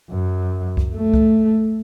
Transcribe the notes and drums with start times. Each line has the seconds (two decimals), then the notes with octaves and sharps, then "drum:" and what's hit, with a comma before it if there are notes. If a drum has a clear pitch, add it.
0.10 F#2
0.77 drum: kick C2
0.95 A3
1.14 drum: kick C2